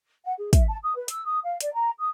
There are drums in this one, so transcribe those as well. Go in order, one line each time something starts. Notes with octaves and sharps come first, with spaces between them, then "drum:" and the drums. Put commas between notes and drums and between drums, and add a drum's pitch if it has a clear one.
F#5
G#4
E5, drum: kick, hi-hat
A5
D#6
B4
E6, drum: hi-hat
D#6
F5
D5, drum: hi-hat
A#5
D#6